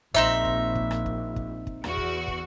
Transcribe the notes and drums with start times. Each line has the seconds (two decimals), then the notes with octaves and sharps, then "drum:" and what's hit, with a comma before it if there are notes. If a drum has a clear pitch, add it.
0.15 A#1 C4 D#4 E5, drum: kick
0.45 drum: kick
0.75 drum: kick
0.91 drum: rim click
1.06 drum: kick
1.36 drum: kick
1.67 drum: kick
1.84 E2 F#4, drum: rim click
1.97 drum: kick
2.28 drum: kick